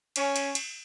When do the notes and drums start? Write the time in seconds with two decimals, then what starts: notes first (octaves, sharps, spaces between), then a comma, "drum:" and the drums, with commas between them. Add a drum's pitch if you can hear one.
0.16 C#4, drum: cymbal
0.36 drum: cymbal
0.55 drum: cymbal